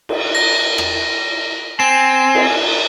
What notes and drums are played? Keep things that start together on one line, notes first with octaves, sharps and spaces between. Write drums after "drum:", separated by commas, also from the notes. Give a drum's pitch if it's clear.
drum: cymbal
A#6
drum: rim click
C4 G#5 E7
drum: cymbal